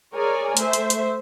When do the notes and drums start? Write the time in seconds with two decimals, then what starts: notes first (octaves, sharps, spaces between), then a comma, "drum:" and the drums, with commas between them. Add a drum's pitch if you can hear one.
0.14 G#4 A#4 C#5 D5 G#5
0.57 A3 C5 E5, drum: hi-hat
0.73 drum: hi-hat
0.90 drum: hi-hat